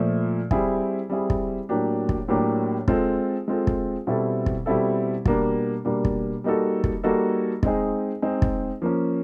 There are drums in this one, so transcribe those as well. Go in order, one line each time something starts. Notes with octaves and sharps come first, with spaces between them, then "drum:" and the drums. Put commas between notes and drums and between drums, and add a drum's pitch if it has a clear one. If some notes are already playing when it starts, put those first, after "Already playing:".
Already playing: A#2 F3 A3
G3 C4 E4 G#4, drum: kick
G3 C4 E4 G#4
drum: kick
A2 F#3 A#3 D4 G4
drum: kick
A2 F#3 A#3 D4 G4
G#3 C4 F4 A4, drum: kick
G#3 C4 F4 A4
drum: kick
B2 G3 C4 E4 A4
drum: kick
B2 G3 C4 E4 A4
B2 G3 A#3 D4, drum: kick
B2 G3 A#3 D4
drum: kick
G3 A#3 D#4 F#4 A4
drum: kick
G3 A#3 D#4 F#4 A4
G#3 C4 D#4 G#4, drum: kick
G#3 C4 D#4 G#4
drum: kick
F3 A#3 C#4